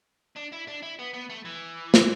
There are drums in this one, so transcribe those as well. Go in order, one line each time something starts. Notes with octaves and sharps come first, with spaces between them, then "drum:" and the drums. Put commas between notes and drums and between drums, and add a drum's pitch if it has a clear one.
D4
E4
D4
E4
B3
B3
A3
E3
drum: snare